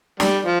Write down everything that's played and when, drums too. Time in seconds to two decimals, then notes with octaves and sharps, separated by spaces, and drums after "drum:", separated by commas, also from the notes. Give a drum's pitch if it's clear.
0.20 G3, drum: snare
0.45 F3